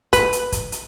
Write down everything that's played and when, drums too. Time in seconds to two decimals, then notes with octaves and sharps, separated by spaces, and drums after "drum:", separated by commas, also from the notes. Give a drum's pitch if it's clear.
0.13 B4, drum: kick, hi-hat
0.33 drum: hi-hat
0.52 drum: kick, hi-hat
0.72 drum: hi-hat